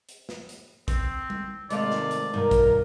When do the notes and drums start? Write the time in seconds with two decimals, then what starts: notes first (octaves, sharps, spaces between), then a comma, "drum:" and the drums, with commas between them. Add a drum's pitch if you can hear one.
0.09 drum: hi-hat
0.29 drum: snare
0.49 drum: hi-hat
0.88 C4, drum: kick A#1, hi-hat
1.30 drum: tom G3
1.70 G#2 C3 D#3 G#3 A3 D5 F5, drum: hi-hat
1.91 drum: snare
2.11 drum: hi-hat
2.33 G2 B2 D#3 A#4
2.51 drum: kick A#1, hi-hat